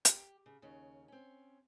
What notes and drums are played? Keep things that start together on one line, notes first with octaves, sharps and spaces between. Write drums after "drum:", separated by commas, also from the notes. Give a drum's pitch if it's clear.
G4, drum: hi-hat
C#3
D#2 C#3 C#4
C4 C#4